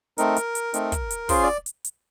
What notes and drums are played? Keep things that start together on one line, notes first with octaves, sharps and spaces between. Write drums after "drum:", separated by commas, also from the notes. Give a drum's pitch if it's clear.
A3 C4 D#4 A#4, drum: hi-hat
drum: hi-hat
drum: hi-hat
A3 C4 D#4, drum: hi-hat
drum: kick, hi-hat
drum: hi-hat
C#4 F4 G#4 C5, drum: kick, open hi-hat
D5
drum: hi-hat
drum: hi-hat